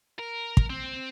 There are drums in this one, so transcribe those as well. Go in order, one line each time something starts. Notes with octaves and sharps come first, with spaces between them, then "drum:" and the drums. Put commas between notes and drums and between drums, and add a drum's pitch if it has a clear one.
A#4
drum: kick
C4